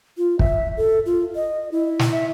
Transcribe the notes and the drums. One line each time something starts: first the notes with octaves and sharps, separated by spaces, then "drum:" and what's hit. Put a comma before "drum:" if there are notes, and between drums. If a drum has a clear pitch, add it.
F4
E5, drum: kick
A4
F4
D#5
E4
drum: snare
E5